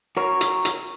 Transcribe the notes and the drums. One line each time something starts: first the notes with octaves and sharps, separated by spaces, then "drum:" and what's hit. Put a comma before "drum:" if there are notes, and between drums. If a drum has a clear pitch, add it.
F#4 A#4 C#5
drum: hi-hat
drum: hi-hat